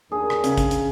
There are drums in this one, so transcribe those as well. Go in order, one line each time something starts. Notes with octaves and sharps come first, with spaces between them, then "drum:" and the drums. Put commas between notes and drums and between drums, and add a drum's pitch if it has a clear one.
D#2 D4 G#4 A#4
drum: rim click
C#3, drum: hi-hat
drum: kick, hi-hat
drum: hi-hat